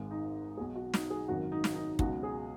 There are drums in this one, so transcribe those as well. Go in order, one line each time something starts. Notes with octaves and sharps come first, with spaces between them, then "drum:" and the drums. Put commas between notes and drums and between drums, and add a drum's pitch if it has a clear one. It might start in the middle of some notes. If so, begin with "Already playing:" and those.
Already playing: G#1 G#2 G#3
D#4
B1 B2 F#3 G#4
F#4
D#4, drum: snare
G#4
G#1 F#2 D#3 F#4
D#4
drum: snare
D#4
C#2 B2 F#3 F#4, drum: kick
G#4